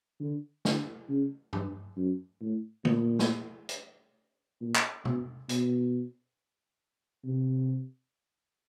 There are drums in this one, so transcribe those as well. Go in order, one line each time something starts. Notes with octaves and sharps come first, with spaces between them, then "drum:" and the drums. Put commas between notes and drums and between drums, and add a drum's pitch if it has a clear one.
D3
D3, drum: snare
C#3
G2, drum: tom
F#2
A2
A#2, drum: tom
drum: snare
drum: hi-hat
A#2
drum: clap
B2, drum: tom
B2, drum: hi-hat
C3